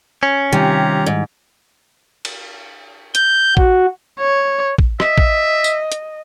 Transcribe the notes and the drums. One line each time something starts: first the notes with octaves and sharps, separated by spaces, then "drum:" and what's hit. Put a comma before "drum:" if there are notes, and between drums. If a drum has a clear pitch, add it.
C#4
C3 D#3 G3 F4 G4 A#5
G#2
drum: cymbal
G6, drum: hi-hat
F#4, drum: kick
C#5
drum: kick
D#5 E5, drum: rim click
drum: kick
drum: tambourine
drum: hi-hat